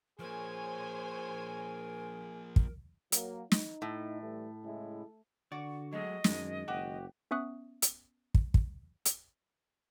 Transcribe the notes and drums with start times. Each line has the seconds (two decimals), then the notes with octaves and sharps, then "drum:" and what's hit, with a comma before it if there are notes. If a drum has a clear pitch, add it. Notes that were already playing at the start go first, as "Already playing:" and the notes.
0.19 F3 A#3 G#4 A#4 C5 C#5 G#5
2.56 drum: kick
3.12 F#3 A#3, drum: hi-hat
3.52 D#4, drum: snare
3.82 A2
4.21 E3 G3 A3
4.64 C#3 G#3 E4
5.52 D3 F#4 D5
5.93 F#3 G#3 A3 D#5
6.24 F#2 D#3 G#3, drum: snare
6.68 F#1 F#4 G4
7.31 B3 C#4 E5 C#6 D#6 F#6
7.82 drum: hi-hat
8.34 drum: kick
8.54 drum: kick
9.05 drum: hi-hat